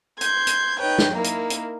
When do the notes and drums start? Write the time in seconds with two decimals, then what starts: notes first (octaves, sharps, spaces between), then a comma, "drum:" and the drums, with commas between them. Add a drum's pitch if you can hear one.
0.21 C6 G6 G#6, drum: hi-hat
0.47 drum: hi-hat
0.80 D#4 B4 C#5 G5
0.98 drum: snare
1.14 A#3 D#4 E4 A#4
1.24 drum: hi-hat
1.50 drum: hi-hat